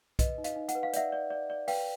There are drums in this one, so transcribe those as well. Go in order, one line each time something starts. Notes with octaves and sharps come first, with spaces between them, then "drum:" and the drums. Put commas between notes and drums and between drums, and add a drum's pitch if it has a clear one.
B4 D#5, drum: kick B1, hi-hat
D#4
D#5 F5, drum: hi-hat
D#4
F#5, drum: hi-hat
B4
F5
D5 E5 F#5, drum: hi-hat
D5
D5
D5
B4 F5 G5, drum: open hi-hat